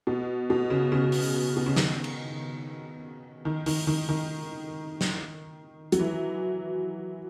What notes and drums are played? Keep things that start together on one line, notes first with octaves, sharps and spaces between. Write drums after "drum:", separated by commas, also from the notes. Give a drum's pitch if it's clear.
B2
B2
C#3
C#3
drum: open hi-hat
B2
C#3
D#3, drum: snare
drum: cymbal
D#3
D#3, drum: open hi-hat
D#3
D#3
drum: snare
F#3, drum: hi-hat
E3